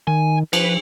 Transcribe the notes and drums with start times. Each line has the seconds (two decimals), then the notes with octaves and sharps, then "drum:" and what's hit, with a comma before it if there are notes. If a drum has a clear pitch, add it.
0.07 D#3 G#5
0.53 F3 B4, drum: cymbal